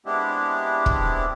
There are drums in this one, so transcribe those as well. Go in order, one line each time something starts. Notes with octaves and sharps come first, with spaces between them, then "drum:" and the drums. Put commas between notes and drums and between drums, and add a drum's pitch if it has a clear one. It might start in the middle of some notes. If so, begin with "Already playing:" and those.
G#3 B3 C4 D4 E4 G4
drum: kick